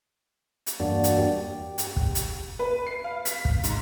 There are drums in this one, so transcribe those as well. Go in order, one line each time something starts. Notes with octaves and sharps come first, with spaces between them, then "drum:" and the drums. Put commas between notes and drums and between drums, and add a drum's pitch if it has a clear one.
drum: hi-hat
E2 G2 A#3 D4 F#4 D5
drum: hi-hat
G4
drum: hi-hat
drum: kick
drum: hi-hat
B4
C7
F5
B6, drum: hi-hat
drum: kick
G#2, drum: hi-hat